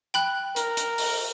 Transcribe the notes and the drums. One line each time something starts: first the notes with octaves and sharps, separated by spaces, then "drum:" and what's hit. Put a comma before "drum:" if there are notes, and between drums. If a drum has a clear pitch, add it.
G5 B5 F#6
A#4, drum: hi-hat
drum: hi-hat
drum: open hi-hat